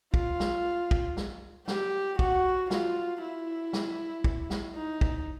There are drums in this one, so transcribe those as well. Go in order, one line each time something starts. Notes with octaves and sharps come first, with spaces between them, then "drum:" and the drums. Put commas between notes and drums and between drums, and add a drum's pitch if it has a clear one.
F4, drum: kick
drum: snare
drum: kick
drum: snare
G4, drum: snare
F#4, drum: kick
F4, drum: snare
E4
drum: snare
drum: kick
drum: snare
D#4
drum: kick